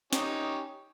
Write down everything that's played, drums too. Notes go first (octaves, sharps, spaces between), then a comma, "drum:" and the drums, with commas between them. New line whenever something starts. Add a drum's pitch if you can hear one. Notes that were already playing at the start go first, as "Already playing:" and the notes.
C#4 D#4 G4, drum: snare